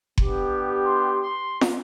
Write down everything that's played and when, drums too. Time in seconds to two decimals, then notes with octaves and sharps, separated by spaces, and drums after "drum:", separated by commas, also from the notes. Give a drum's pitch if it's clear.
0.18 B3 D4 G4, drum: kick F#1
0.87 C6
1.23 C6
1.61 drum: snare